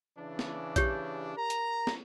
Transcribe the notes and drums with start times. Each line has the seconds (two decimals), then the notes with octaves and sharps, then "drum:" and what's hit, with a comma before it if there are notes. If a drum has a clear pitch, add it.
0.18 C#3 E3 D4
0.39 drum: snare
0.76 G4 C#5, drum: kick A#1, hi-hat
1.38 A#4 A#5
1.50 drum: hi-hat
1.87 drum: snare